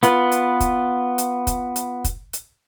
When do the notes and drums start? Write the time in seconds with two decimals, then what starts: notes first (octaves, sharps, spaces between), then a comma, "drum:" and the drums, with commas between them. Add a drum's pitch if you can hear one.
0.03 B3 F4 B4, drum: hi-hat
0.32 drum: hi-hat
0.60 drum: kick, hi-hat
1.18 drum: hi-hat
1.47 drum: kick, hi-hat
1.76 drum: hi-hat
2.04 drum: kick, hi-hat
2.33 drum: hi-hat